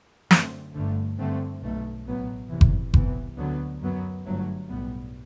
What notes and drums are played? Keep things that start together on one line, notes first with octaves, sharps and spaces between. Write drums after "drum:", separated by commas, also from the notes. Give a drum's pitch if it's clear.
F#2 D3 A3 C4, drum: snare
G1 G2 D3 A3
G2 D3 A3 C4
B1 B2 A3
A1 A2 F#3 B3
E2 C3 E3
drum: kick F#1
C2 C3 E3 B3, drum: kick F#1
D2 D3 F#3 B3
F#2 F#3 B3
G1 G2 F#3 A3
B1 A2 G3 B3